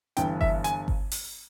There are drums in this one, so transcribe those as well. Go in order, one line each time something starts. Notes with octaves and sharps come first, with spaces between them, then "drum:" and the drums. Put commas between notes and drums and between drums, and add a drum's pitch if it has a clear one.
G1 G2 E3 G5, drum: hi-hat
E5, drum: kick G1
G#5, drum: hi-hat
drum: kick G1
drum: open hi-hat